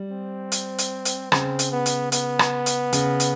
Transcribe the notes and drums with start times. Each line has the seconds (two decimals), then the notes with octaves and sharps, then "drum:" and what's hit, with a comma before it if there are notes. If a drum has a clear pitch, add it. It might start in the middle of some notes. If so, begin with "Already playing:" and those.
Already playing: G3
0.11 C4
0.52 drum: hi-hat
0.78 drum: hi-hat
1.05 drum: hi-hat
1.32 C#3 C4, drum: rim click
1.59 drum: hi-hat
1.72 B3
1.86 drum: hi-hat
2.12 B3, drum: hi-hat
2.39 drum: rim click
2.66 drum: hi-hat
2.93 C#3, drum: hi-hat
3.20 drum: hi-hat